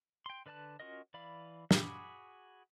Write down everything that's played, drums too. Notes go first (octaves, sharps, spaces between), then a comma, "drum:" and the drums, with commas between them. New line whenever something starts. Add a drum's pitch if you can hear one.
G5 C6
D3 B4 D5 A5 F#6
C#4 F4 F#4 A#4 D#5
E3 D5 F5 B5
F#4 G#4 B5 D6, drum: snare